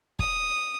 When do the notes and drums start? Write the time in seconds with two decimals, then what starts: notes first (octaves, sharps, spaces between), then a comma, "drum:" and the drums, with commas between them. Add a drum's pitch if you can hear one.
0.19 D#6, drum: kick